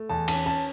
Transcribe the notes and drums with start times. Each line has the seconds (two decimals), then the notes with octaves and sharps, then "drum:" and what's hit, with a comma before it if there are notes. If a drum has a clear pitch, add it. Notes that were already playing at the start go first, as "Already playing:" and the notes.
Already playing: A3
0.09 E2 A5
0.28 C#4 A5, drum: cymbal
0.46 C#4 A5